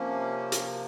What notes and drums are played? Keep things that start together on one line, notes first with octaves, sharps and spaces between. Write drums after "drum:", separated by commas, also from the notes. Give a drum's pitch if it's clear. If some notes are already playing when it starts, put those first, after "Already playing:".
Already playing: C3 F3 A#3 C#4
drum: hi-hat